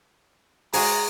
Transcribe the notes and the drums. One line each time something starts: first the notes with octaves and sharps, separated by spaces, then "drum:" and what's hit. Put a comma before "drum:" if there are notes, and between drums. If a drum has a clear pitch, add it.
G#3 F#4 G#4 A#5, drum: open hi-hat